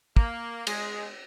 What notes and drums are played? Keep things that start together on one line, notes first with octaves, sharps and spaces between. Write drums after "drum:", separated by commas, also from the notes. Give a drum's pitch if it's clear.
A#3, drum: kick
G#3, drum: cymbal